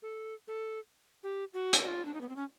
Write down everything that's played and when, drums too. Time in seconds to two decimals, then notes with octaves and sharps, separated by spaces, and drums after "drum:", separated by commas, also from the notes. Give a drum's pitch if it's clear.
0.02 A4
0.48 A4
1.23 G4
1.54 F#4
1.73 drum: hi-hat
1.83 F#4
1.87 F4
2.05 D4
2.14 D#4
2.21 B3
2.29 C4
2.36 C#4